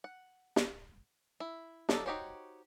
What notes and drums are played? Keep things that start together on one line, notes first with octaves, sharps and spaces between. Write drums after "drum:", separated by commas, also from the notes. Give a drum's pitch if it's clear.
F#5
drum: snare
E4
F#3 D4 D#4 A4, drum: snare
D#4 F#4 G4 C5 C#5